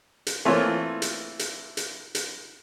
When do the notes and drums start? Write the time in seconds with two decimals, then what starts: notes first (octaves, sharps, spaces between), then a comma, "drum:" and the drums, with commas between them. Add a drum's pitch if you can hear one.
0.27 drum: hi-hat
0.45 E3 A3 A#3 C4 F4 C#5
1.02 drum: hi-hat
1.39 drum: hi-hat
1.77 drum: hi-hat
2.15 drum: hi-hat